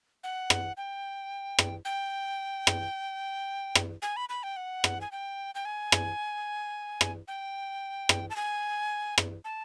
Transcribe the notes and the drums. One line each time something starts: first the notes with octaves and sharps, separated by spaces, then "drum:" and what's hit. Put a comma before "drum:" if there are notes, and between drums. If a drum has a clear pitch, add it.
F#5
drum: rim click
G5
drum: rim click
G5
drum: rim click
drum: rim click
G#5
B5
B5
G5
F#5
drum: rim click
G#5
G5
G5
G#5
drum: rim click
drum: rim click
G5
drum: rim click
A5
G#5
drum: rim click
A5